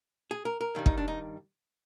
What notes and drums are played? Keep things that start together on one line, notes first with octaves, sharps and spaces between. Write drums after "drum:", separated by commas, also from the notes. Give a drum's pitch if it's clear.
G#4
A#4
A#4
G2 D#3 G3
D#4, drum: kick
D4
D#4